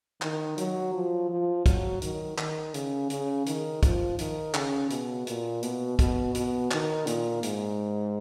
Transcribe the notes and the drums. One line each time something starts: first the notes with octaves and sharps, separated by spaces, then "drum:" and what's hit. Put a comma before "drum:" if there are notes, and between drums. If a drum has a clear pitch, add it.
D#3, drum: clap
F#3, drum: hi-hat
F3
F3
F#3, drum: kick, hi-hat
D#3, drum: hi-hat
D#3, drum: clap
C#3, drum: hi-hat
C#3, drum: hi-hat
D#3, drum: hi-hat
F3, drum: kick, hi-hat
D#3, drum: hi-hat
C#3, drum: clap
B2, drum: hi-hat
A#2, drum: hi-hat
B2, drum: hi-hat
B2, drum: kick, hi-hat
B2, drum: hi-hat
D#3, drum: clap
A#2, drum: hi-hat
G#2, drum: hi-hat